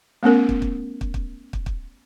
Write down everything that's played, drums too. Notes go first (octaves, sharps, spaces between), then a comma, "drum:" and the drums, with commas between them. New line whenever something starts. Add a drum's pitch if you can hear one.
A3 B3 C#4 A#4
drum: kick
drum: kick
drum: kick
drum: kick
drum: kick
drum: kick